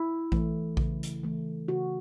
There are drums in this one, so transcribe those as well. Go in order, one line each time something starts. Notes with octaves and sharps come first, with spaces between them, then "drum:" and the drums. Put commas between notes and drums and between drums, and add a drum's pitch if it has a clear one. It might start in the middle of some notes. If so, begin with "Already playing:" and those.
Already playing: E4
E3 A3, drum: kick A#1
C#3, drum: kick A#1
drum: hi-hat
E3 A3
C#3 F#4